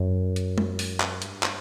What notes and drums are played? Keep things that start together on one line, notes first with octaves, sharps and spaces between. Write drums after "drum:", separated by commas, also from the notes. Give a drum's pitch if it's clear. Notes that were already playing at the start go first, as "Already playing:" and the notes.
Already playing: F#2
drum: hi-hat
drum: tom
drum: open hi-hat
drum: clap
G2, drum: hi-hat
drum: clap